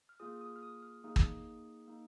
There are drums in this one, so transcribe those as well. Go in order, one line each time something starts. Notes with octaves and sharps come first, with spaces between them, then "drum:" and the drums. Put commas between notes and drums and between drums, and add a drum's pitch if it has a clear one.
F6
A#3 F4 G#4 D#6
D#6
F6
D#6
F6
A#3 D#4 G#4 D#6
drum: kick
A#3 D#4